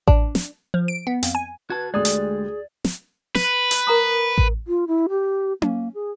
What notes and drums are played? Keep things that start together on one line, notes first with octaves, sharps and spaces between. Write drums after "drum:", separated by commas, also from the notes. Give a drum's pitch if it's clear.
D4, drum: kick A1
drum: snare
F3
D7
B3
F2, drum: hi-hat
G#5
F#4 B4 A5 G#6
D2 G#3 G4 G#4 D5 D#6 G#6
drum: hi-hat
drum: snare
B4, drum: snare
drum: hi-hat
A#4 A#5 D#6
drum: kick A1
F4
E4
G4
A#3, drum: tom C#4
G#4